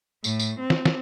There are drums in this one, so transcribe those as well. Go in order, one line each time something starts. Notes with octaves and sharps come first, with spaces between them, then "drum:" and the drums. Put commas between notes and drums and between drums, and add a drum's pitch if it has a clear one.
A2, drum: tambourine
drum: tambourine
C4
drum: snare
drum: snare